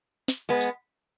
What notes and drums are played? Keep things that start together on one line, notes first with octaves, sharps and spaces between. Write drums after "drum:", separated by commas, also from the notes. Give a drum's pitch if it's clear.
drum: snare
G#3 B3
drum: tambourine